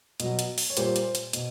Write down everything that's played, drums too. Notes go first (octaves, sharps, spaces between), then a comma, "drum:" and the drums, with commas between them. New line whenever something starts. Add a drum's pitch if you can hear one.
B2 F#3, drum: hi-hat
drum: hi-hat
drum: open hi-hat
C#5
A#2 G3 C5, drum: hi-hat
drum: hi-hat
drum: hi-hat
B2, drum: hi-hat